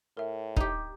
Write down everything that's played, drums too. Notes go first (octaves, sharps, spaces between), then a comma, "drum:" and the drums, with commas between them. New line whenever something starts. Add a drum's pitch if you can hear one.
A2 A#4 E5
D#4 G4, drum: kick